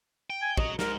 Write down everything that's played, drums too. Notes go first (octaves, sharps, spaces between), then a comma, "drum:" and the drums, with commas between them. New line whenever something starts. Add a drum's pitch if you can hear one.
G5
G#5
F#4 D#5 A#5, drum: kick
G#2 A#4, drum: snare